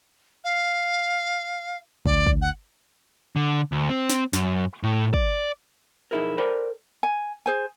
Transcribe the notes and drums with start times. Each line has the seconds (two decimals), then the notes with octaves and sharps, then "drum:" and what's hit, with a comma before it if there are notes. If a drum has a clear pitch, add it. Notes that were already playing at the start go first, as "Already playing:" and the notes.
0.44 F5
2.06 D2 D5, drum: kick
2.27 drum: kick
2.41 F#5
3.36 D3
3.72 D2
3.89 C4
4.10 drum: snare
4.33 F#2, drum: snare
4.83 A2
5.14 D5, drum: kick
6.11 B1 F2 D#4 E4 G#4 A#4
6.38 A4 A#4 C5 D5 G5 B5
7.03 G#5
7.46 G#4 C5 G#5